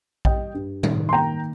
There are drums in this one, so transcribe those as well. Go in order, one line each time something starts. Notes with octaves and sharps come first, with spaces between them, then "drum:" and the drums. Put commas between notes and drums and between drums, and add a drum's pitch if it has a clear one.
G3 D#5 G5, drum: kick A#1
G2
D#3, drum: tom A2
C6
A#3 G5 A#5